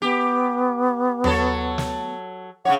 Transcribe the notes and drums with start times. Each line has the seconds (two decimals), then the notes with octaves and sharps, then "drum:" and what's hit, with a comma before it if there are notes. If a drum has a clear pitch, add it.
0.02 B3 G4
1.24 F#3 A4 C#5, drum: tom D#2
1.78 drum: snare
2.65 C#3 D#4 C#5 F#5